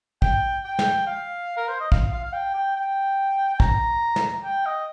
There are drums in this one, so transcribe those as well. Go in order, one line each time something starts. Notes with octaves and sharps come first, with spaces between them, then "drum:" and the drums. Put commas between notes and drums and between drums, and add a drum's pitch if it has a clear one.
G5, drum: kick
G5
drum: snare
F5
A#4
C5
D#5
F5, drum: kick
F5
F5
G5
G5
G5
G5
A#5, drum: kick
drum: snare
G5
D#5